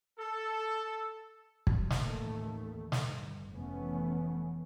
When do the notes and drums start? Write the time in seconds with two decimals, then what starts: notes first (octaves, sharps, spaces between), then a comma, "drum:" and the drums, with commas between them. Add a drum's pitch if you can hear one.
0.19 A4
1.67 drum: kick
1.90 A1 D#2 D#3 A3, drum: snare
2.92 G1, drum: snare
3.50 F1 E3 A3 B3 C#4